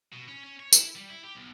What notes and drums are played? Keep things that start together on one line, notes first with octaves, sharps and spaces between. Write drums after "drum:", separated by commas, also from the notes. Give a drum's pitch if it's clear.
B2
C#4
C#4
C#5
E4, drum: tambourine
G3
E4
G4
B1